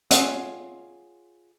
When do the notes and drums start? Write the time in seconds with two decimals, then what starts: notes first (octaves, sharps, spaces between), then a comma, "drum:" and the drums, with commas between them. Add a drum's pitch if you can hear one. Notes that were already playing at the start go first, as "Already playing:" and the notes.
0.11 F4 G#4 C#5 E5 F#5, drum: hi-hat